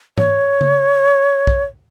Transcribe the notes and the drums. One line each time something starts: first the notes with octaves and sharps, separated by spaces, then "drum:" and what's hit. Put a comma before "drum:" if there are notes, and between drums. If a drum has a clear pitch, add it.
C#5, drum: tom G#2
drum: tom C#3
drum: kick